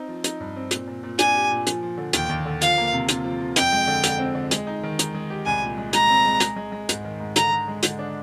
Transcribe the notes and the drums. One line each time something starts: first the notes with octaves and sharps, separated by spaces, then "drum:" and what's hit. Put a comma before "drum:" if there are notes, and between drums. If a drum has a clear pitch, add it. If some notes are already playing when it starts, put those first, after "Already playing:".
Already playing: C4 D#4
F3
D#4, drum: hi-hat
G2
C4
A#2, drum: hi-hat
A#2
A#2
D4 G#5, drum: hi-hat
G4
A#2
F3, drum: hi-hat
F3
D3
D#2 G5, drum: hi-hat
D#2
D3
F3 F5, drum: hi-hat
A#3
C3
F4, drum: hi-hat
F3
F3
F2 G5, drum: hi-hat
G#3
D3
D3, drum: hi-hat
C4
D3
G#3, drum: hi-hat
D#4
D#3
D#4, drum: hi-hat
G#3
G4
C2 G#5
A#2
G#3
G#3 A#5, drum: hi-hat
C4
G#3
G#3, drum: hi-hat
G#3
G#3
G#2, drum: hi-hat
D#3
G#2
D3 A#5, drum: hi-hat
D3
G#3
D3, drum: hi-hat
D4